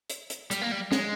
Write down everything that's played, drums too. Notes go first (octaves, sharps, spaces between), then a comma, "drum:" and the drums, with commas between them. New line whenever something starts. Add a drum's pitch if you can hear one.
drum: hi-hat
drum: hi-hat
G3, drum: hi-hat
A#3
G3
G#3, drum: snare